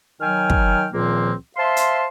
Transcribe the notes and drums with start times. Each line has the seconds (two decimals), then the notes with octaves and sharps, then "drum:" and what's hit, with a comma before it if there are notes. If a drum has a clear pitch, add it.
0.21 D#3 F#3 G5 G#5 F6
0.50 drum: kick
0.93 C#2 A#2 D#3 F3 A#3 C4
1.57 C5 E5 F5 A5 C6
1.76 drum: hi-hat